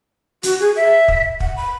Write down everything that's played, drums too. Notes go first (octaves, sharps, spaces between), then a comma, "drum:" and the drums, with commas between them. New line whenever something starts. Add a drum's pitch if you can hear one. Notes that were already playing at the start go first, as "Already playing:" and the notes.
F#4, drum: hi-hat
G#4
E5
drum: kick
F#5, drum: kick
B5